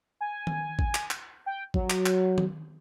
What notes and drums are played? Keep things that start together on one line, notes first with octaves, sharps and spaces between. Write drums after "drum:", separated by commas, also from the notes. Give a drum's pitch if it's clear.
G#5
drum: tom D#3
drum: kick G#1
drum: clap
drum: clap
G5
F#3, drum: kick G#1
drum: clap
drum: clap
drum: tom D#3